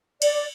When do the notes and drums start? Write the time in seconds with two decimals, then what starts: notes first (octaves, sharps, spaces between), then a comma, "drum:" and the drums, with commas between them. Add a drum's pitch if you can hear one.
0.22 D5, drum: cymbal